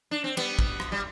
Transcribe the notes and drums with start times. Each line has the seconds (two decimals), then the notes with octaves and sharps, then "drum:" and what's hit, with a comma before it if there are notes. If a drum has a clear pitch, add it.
0.11 D4
0.24 C4
0.37 G3 B3, drum: cymbal
0.59 drum: kick
0.80 drum: rim click
0.92 G3